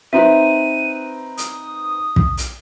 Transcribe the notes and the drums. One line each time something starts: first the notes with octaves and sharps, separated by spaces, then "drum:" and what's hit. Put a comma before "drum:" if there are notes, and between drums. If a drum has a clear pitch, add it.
C4 D#4 B4 E5 D#7
D#6, drum: hi-hat
drum: kick
drum: hi-hat